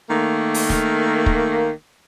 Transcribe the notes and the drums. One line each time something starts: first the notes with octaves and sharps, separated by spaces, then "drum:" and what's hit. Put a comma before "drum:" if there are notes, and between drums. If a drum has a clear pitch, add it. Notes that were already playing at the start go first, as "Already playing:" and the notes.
D#3 A3 A#3
drum: open hi-hat
drum: snare
drum: kick